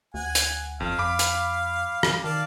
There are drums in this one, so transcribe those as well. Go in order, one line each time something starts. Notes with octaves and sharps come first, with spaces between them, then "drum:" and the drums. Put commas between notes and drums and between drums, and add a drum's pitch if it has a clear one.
D2 F#5 G#5
drum: hi-hat
G1 F2 F5
F2 B5 D6
drum: hi-hat
drum: rim click
D#3 D5 F5 A5